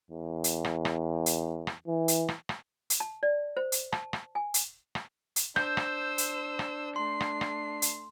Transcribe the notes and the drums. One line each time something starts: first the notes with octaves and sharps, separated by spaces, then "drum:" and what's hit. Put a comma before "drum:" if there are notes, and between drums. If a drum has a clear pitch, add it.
E2
drum: hi-hat
drum: rim click
drum: rim click
drum: hi-hat
drum: rim click
E3
drum: hi-hat
drum: rim click
drum: rim click
drum: hi-hat
A5
D5
C5
drum: hi-hat
A5, drum: rim click
drum: rim click
G#5
drum: hi-hat
drum: rim click
drum: hi-hat
D4 C5 E6 G6, drum: rim click
drum: rim click
drum: hi-hat
drum: rim click
A3 C6 C7
drum: rim click
drum: rim click
drum: hi-hat